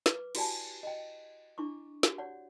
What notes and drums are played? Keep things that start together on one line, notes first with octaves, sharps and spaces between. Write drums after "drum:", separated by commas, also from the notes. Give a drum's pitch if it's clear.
B4 D6, drum: snare
E4 F#4 G4 D5 G#5 A5, drum: cymbal
D#5 G5
D4 E4 C#6 D6
F#4 G4, drum: snare
G4 C#5 D5 F#5